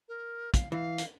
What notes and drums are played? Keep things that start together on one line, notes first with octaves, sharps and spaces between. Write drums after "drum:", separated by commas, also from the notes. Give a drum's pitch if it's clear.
A#4
F5, drum: kick, hi-hat
E3 F5
drum: hi-hat